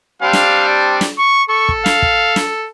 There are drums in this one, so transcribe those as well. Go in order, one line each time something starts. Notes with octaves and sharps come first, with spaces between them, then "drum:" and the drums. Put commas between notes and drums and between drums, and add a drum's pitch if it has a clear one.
G3 C4 D4 F5
drum: snare
D5
drum: snare
C#6
A4 C#6
drum: kick
F5, drum: snare
drum: kick
drum: snare